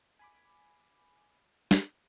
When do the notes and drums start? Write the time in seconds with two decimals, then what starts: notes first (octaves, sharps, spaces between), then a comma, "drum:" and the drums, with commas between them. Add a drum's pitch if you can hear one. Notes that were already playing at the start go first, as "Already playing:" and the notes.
0.19 G#5 B5 D6
1.71 drum: snare